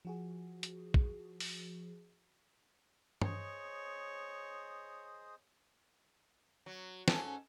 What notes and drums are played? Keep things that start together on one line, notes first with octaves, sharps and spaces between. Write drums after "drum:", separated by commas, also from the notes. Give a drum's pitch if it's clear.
F3 F#4 G#4
drum: hi-hat
drum: kick
drum: open hi-hat
G#4 C5 C#5 D#5, drum: tom G2
F#3
G#2 C#4 A4, drum: snare